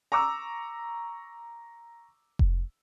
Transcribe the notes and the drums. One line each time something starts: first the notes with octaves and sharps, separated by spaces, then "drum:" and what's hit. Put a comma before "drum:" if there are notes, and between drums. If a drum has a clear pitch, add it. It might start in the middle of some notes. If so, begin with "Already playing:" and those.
A#5 C#6 D6 E6
drum: kick F1